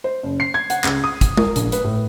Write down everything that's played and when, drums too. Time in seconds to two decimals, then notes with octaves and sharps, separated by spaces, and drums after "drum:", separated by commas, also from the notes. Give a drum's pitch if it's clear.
0.04 C5
0.23 F#1
0.40 C7
0.54 G#6
0.70 F#5, drum: hi-hat
0.84 C#2, drum: clap
1.04 D#6
1.21 drum: kick, hi-hat
1.37 A#4, drum: tom G#3
1.56 A#1, drum: hi-hat
1.72 B4, drum: hi-hat
1.84 A2